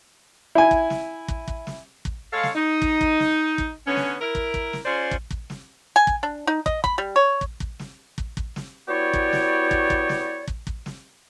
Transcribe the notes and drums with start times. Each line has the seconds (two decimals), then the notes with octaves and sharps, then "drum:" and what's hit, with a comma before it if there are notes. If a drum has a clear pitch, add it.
0.55 E4 G#5
0.71 drum: kick
0.90 drum: snare
1.28 drum: kick
1.48 drum: kick
1.67 drum: snare
2.05 drum: kick
2.32 G#3 A4 C#5 F5
2.43 drum: snare
2.55 D#4
2.82 drum: kick
3.01 drum: kick
3.20 drum: snare
3.58 drum: kick
3.86 D3 B3 C#4
3.97 drum: snare
4.21 E4 A#4
4.35 drum: kick
4.54 drum: kick
4.73 drum: snare
4.85 C#4 F4 G#4 C5 D5
5.11 drum: kick
5.31 drum: kick
5.50 drum: snare
5.96 G#5
6.07 drum: kick
6.23 D4
6.47 D#4
6.66 D#5, drum: kick
6.84 B5, drum: kick
6.98 G3
7.16 C#5
7.41 drum: kick
7.60 drum: kick
7.79 drum: snare
8.18 drum: kick
8.37 drum: kick
8.56 drum: snare
8.88 B3 E4 F#4 G4 C#5 D5
9.13 drum: kick
9.33 drum: snare
9.71 drum: kick
9.90 drum: kick
10.09 drum: snare
10.48 drum: kick
10.67 drum: kick
10.86 drum: snare